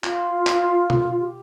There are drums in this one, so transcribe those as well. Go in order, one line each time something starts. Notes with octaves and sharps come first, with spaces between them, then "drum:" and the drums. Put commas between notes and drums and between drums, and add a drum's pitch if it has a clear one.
F4, drum: clap
drum: clap
drum: tom B2
G4